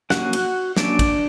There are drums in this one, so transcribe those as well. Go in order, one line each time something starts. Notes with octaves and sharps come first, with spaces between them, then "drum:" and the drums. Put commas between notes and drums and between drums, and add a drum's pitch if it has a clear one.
F#3 A#3 C#4 F#4 F#5, drum: snare
drum: cymbal
F#3 A#3 C#4 D4 D5, drum: snare
drum: kick, cymbal